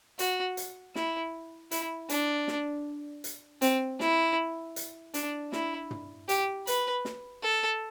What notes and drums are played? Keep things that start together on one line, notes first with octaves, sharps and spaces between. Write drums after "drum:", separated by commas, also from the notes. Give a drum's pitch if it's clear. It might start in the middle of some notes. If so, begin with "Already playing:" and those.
F#4, drum: hi-hat
drum: hi-hat
E4, drum: snare
E4, drum: hi-hat
D4, drum: hi-hat
drum: snare
drum: hi-hat
C4, drum: hi-hat
E4, drum: snare
drum: hi-hat
D4, drum: hi-hat
E4, drum: snare
drum: tom
G4, drum: hi-hat
B4, drum: hi-hat
drum: snare
A4